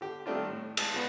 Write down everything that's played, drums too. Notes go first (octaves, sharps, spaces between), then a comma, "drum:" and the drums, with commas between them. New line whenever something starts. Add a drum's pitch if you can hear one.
D3 G4
D#3 G3 A3 C4 D4 F4
A2
G#3 G#4 A5, drum: cymbal
C#3 B3